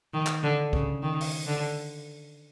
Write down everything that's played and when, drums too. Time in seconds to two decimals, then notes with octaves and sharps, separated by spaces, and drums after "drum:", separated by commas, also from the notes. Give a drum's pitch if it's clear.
0.14 D#3
0.27 drum: clap
0.43 D3
0.73 C#3, drum: kick C2
1.02 D#3
1.21 drum: open hi-hat
1.46 D3